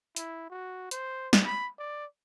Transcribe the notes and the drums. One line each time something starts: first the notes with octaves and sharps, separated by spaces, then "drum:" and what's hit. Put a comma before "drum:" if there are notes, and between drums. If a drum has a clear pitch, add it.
E4, drum: hi-hat
F#4
C5, drum: hi-hat
drum: snare
B5
D5